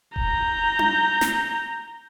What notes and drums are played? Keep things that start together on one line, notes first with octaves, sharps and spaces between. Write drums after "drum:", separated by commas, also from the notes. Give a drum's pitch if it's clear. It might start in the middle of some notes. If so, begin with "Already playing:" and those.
A#5 G6, drum: kick D#1
drum: tom D4
drum: snare